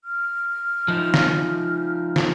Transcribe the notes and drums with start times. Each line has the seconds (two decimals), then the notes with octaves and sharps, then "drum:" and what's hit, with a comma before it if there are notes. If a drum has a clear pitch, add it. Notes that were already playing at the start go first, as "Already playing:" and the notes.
0.04 F6
0.88 F3 D#4
1.14 drum: snare
2.16 drum: snare